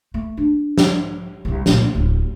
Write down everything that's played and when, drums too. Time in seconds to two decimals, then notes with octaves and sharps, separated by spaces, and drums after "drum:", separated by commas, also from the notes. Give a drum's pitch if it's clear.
0.14 A3
0.37 D4
0.78 drum: snare
1.45 D1 C2
1.66 A#2 A3, drum: snare
1.95 D1